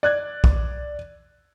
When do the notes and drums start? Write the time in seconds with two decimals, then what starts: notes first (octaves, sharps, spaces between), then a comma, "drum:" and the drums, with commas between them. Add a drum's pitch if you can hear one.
0.03 D5 F#6 G#6
0.44 drum: kick